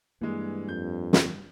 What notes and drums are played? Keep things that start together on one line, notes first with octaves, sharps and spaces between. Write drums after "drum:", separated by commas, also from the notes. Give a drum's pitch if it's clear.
G2 E3 G#3 A#3
F2 G6
drum: snare